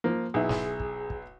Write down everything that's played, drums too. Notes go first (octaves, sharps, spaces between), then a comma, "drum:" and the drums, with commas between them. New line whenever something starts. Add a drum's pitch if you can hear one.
F3 A#3
B1 E4 G#4
drum: snare
drum: kick
drum: kick